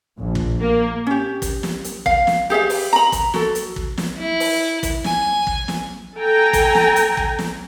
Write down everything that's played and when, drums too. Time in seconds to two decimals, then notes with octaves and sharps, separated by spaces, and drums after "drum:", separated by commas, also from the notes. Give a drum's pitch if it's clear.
0.19 A#1
0.35 drum: kick
0.62 A#3
1.07 C#4 G4
1.42 drum: kick, hi-hat
1.63 drum: snare
1.84 drum: hi-hat
2.06 F5, drum: kick
2.27 drum: snare
2.50 G4 G#4 E5 F5
2.70 drum: open hi-hat
2.93 A#5 B5
3.12 drum: kick, hi-hat
3.34 F#4 A4, drum: snare
3.55 drum: hi-hat
3.76 drum: kick
3.98 drum: snare
4.18 E4
4.40 drum: open hi-hat
4.83 drum: kick, hi-hat
5.04 G#5, drum: snare
5.47 drum: kick
5.68 drum: snare
6.16 A4 G5 G#5 A#5
6.53 drum: kick, hi-hat
6.75 drum: snare
6.96 drum: hi-hat
7.17 drum: kick
7.39 drum: snare